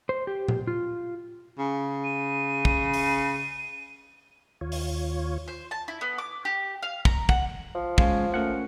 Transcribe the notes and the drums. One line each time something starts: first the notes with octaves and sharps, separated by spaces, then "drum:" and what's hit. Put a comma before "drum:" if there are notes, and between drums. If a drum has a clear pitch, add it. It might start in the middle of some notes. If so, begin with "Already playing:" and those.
C5
G4
drum: tom A#2
F4
C#3
D#7
drum: kick
drum: open hi-hat
D#2 F4 C#5
drum: open hi-hat
C5
A5
E4
B3
D6
G4
F5
A#5, drum: kick
F#5, drum: kick
F3
G#3 C#4 F5, drum: kick
A3 C#4 A#4 F#5